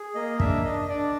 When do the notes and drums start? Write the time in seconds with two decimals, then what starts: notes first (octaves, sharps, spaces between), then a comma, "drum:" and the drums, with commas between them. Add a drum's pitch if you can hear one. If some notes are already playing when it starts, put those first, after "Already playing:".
Already playing: G#4
0.15 A#3 D#5
0.40 D4 E5, drum: kick
0.64 D4 D#5
0.89 D4 D5